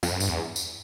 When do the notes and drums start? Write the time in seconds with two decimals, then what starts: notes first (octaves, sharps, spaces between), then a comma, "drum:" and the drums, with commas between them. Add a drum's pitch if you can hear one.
0.03 F2, drum: tambourine
0.12 F#2
0.20 G2, drum: tambourine
0.29 E2
0.56 drum: tambourine